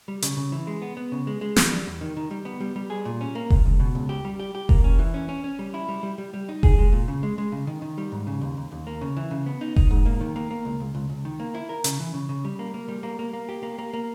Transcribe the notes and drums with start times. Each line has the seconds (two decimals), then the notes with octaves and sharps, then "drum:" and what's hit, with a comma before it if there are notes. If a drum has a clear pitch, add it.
0.08 G3
0.22 C#3, drum: hi-hat
0.37 C#3
0.52 E3
0.67 G#3
0.82 B3
0.97 B3
1.12 C#3
1.27 G#3
1.41 G#3
1.56 E3, drum: snare
1.71 G3
1.86 E2
2.01 D#3
2.17 D#3
2.31 G3
2.45 B3
2.61 G3
2.76 G3
2.90 G#4
3.05 A#2
3.21 C#4
3.35 A#3
3.50 C#2, drum: kick F1
3.66 C#2
3.80 B2
3.95 C#2
4.09 G4
4.25 G3
4.39 G4
4.55 G4
4.69 A#3, drum: kick F1
4.84 C#4
4.99 E3
5.14 C#4
5.29 C#4
5.44 C#4
5.59 G3
5.74 E4
5.88 G3
6.03 G3
6.18 G3
6.34 G3
6.49 D#4
6.63 G#4, drum: kick F1
6.79 G#3
6.93 A#2
7.08 C#3
7.23 G#3
7.38 G#3
7.52 C#3
7.67 D#3
7.82 D#3
7.98 G3
8.12 G#2
8.27 C#3
8.41 D#2
8.57 D#2
8.72 D#2
8.87 A#3
9.01 C#3
9.17 E3
9.31 C#3
9.46 B3
9.61 D#4
9.76 D#4, drum: kick F1
9.91 G#2
10.06 A#3
10.21 D#3
10.36 A#3
10.51 A#3
10.65 C#2
10.80 C#2
10.95 C#2
11.09 C#2
11.25 D#3
11.40 A#3
11.55 E4
11.69 A#4
11.84 C#3, drum: hi-hat
12.00 E3
12.14 C#3
12.29 C#3
12.45 G3
12.59 A#3
12.74 A#3
12.89 G3
13.03 A#3
13.19 A#3
13.33 A#3
13.49 G4
13.63 A#3
13.78 A#3
13.93 A#3